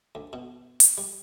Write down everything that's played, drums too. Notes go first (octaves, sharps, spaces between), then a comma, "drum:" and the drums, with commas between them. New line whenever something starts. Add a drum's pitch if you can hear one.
D2
B2
drum: hi-hat
G3